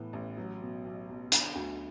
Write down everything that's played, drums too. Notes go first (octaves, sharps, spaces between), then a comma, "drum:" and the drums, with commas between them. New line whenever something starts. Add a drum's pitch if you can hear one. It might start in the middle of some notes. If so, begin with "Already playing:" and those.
Already playing: A2 E3 B3
A1
F#3
B2
B1
B1
D3, drum: hi-hat
D2